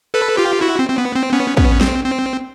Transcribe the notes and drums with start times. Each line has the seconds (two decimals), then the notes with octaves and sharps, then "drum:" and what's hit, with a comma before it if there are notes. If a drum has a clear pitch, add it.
0.14 A4 B4
0.37 F4 G4
0.61 E4 F#4
0.79 C4
0.89 C4
0.98 B3
1.15 C4
1.33 B3 C#4
1.57 B3 C#4, drum: kick
1.81 C4, drum: snare
2.04 C4